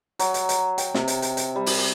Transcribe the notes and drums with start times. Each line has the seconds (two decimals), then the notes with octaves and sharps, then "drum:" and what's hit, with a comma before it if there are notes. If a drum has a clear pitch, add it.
0.19 F#3, drum: hi-hat
0.34 drum: hi-hat
0.49 drum: hi-hat
0.78 G5, drum: hi-hat
0.94 C3, drum: snare
1.08 drum: hi-hat
1.22 drum: hi-hat
1.37 drum: hi-hat
1.56 G3
1.66 drum: open hi-hat